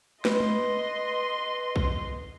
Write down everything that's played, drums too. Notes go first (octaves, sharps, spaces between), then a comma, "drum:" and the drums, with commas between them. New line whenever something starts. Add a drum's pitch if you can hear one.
B4 D#5 C6, drum: snare
drum: tom G#3
drum: kick B1